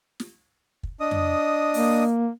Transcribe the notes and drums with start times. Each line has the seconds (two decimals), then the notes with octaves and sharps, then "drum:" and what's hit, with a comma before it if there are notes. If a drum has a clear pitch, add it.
0.20 drum: snare
0.83 drum: kick
1.00 D4 D#5 D#6
1.11 drum: tom F2
1.74 A#3, drum: open hi-hat